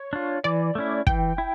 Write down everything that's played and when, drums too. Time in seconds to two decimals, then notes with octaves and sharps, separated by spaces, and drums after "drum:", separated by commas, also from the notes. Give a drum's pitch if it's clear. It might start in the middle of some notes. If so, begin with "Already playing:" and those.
Already playing: C#5
0.13 D4 F4
0.44 E3 D5
0.75 A3 C#4 E4
1.07 E3 G5, drum: kick
1.38 E4